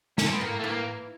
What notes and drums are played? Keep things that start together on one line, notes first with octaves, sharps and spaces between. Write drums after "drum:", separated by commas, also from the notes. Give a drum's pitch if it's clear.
C#4, drum: snare
C4
B3
A2 A#3
A3
E3 A#3